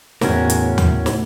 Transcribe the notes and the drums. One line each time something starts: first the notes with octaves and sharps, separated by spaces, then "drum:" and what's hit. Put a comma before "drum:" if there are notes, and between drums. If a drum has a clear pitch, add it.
E2 A2 C#3 C#4 F#4 A#4, drum: snare
drum: hi-hat
drum: tom D#2
drum: snare